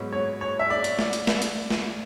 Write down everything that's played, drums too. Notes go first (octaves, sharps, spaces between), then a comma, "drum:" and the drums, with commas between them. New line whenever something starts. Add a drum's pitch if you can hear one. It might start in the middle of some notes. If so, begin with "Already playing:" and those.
Already playing: G#2 F#3 B3 C#5
C#5
C#5
E5
D5
drum: hi-hat
drum: snare A3
drum: hi-hat
drum: snare A3
drum: hi-hat
drum: snare A3